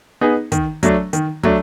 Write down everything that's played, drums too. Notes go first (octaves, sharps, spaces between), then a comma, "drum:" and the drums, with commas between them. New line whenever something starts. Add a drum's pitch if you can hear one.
B3 D#4 G#4
D#3, drum: kick, hi-hat
F#3 A3 D4, drum: kick, hi-hat
D#3, drum: hi-hat
F#3 A3 D4, drum: kick